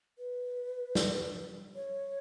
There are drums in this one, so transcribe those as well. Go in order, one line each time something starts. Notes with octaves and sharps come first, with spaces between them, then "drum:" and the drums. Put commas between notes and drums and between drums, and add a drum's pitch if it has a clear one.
B4
drum: snare
C#5